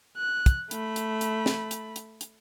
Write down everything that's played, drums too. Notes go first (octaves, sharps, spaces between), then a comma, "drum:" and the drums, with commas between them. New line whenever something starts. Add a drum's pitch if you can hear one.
F#6
drum: kick, hi-hat
A3 B5, drum: hi-hat
drum: hi-hat
drum: hi-hat
drum: snare
drum: hi-hat
drum: hi-hat
drum: hi-hat